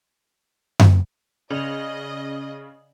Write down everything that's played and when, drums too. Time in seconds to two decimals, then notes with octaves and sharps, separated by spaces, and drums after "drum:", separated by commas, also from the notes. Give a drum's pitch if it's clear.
0.79 drum: tom F#2
1.50 C#3 C#4 D5 D#5 F7 F#7